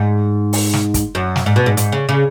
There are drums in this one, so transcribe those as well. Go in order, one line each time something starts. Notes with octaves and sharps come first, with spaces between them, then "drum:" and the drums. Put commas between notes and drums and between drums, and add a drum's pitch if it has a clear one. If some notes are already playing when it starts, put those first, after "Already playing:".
Already playing: G#2
drum: open hi-hat
drum: snare
drum: kick, hi-hat
F#2
drum: snare
G#2
B2
G#2
G#2, drum: hi-hat
C#3
C#3